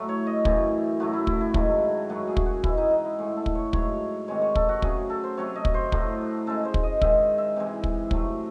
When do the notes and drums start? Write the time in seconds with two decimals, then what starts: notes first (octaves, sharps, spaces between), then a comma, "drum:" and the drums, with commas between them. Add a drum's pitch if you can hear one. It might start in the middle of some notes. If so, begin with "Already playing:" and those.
Already playing: A2 F#3 A3
0.09 C#5
0.27 D#5
0.45 F#2 E3 A3, drum: kick
1.00 A2 F#3 A3 F#4
1.13 E4
1.27 E4, drum: kick
1.41 E4
1.54 G#2 D#3 F#3 A3, drum: kick
2.09 F#2 C#3 F#3 A3 F#4
2.28 G#4
2.37 drum: kick
2.46 F#4
2.64 G#2 E3 G#3 E4, drum: kick
2.77 D#4
2.91 D#4
3.05 E4
3.19 A2 G#3
3.37 A4
3.46 drum: kick
3.55 C#5
3.73 G#2 F#3 A3 C#5, drum: kick
4.28 C3 D#3 G#3 C#5
4.42 C#5
4.55 A4, drum: kick
4.69 F#4
4.82 C#3 F#3 A3 G#4, drum: kick
5.10 A4
5.24 C5
5.37 C3 F#3 A3 C#5
5.55 D#5
5.65 drum: kick
5.74 C5
5.92 A2 F#3 A3, drum: kick
6.47 C#3 G#3 A4
6.65 C5
6.74 drum: kick
6.83 D#5
7.02 G#2 D#3 G#3 E5, drum: kick
7.38 E5
7.56 C3 E3 G#3
7.84 drum: kick
8.11 C3 F#3 A3, drum: kick